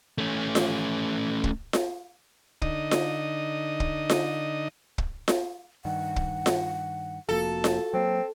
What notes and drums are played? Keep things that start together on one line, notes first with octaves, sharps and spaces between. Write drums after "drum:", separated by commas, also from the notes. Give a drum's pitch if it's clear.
A3 C#4
drum: snare F4
drum: kick
drum: snare F4
D3 D#4 D#5, drum: kick
drum: snare F4
drum: kick
drum: snare F4
drum: kick
drum: snare F4
G2 D#3 F#5
drum: kick
drum: snare F4
F1 F3 A#3 F#4 A4
drum: snare F4
F#3 A#3 C4